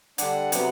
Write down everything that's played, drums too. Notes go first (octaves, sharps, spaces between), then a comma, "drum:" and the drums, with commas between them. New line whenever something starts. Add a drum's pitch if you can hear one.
D3 G3 D4 F#5, drum: hi-hat
C3 F#3 B3, drum: hi-hat